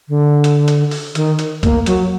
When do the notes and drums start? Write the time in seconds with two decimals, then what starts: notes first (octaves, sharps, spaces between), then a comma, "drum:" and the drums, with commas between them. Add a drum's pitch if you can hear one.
0.09 D3
0.44 drum: hi-hat
0.68 drum: hi-hat
0.91 drum: open hi-hat
1.15 D#3, drum: hi-hat
1.39 drum: hi-hat
1.63 A#3, drum: kick, hi-hat
1.86 F#3, drum: hi-hat